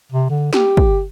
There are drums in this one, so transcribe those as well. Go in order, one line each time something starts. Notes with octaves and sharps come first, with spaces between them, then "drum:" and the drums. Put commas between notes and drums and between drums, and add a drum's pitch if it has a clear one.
C3
D3
G4, drum: snare
drum: kick